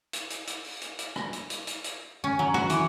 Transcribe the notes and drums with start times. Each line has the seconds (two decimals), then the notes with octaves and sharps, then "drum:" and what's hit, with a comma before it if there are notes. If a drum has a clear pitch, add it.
0.13 drum: hi-hat
0.30 drum: hi-hat
0.47 drum: hi-hat
0.64 drum: open hi-hat
0.82 drum: hi-hat
0.99 drum: hi-hat
1.16 drum: rim click
1.33 drum: hi-hat
1.50 drum: hi-hat
1.67 drum: hi-hat
1.84 drum: hi-hat
2.24 C#4
2.39 F#3
2.54 F#4, drum: rim click
2.70 E3, drum: hi-hat